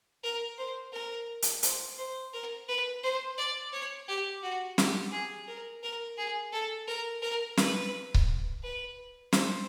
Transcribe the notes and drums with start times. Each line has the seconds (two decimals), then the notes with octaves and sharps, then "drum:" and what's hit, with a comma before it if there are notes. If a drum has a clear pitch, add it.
0.23 A#4
0.58 C5
0.92 A#4
1.42 drum: hi-hat
1.63 C5, drum: hi-hat
1.98 C5
2.33 A#4
2.68 B4
3.03 C5
3.38 D5
3.72 C#5
4.08 G4
4.42 F#4
4.78 G4, drum: snare
5.12 G#4
5.47 A#4
5.83 A#4
6.17 G#4
6.52 A4
6.87 A#4
7.22 A#4
7.57 B4, drum: snare
8.14 drum: kick C#1
8.63 B4
9.33 C5, drum: snare